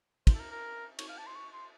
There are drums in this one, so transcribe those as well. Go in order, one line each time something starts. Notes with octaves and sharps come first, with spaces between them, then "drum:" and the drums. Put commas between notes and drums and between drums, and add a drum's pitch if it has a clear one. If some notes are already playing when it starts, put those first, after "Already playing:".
C5, drum: kick, cymbal
A4
A#4
A#4
C#5, drum: cymbal
F5
A5
C6
C#6
C6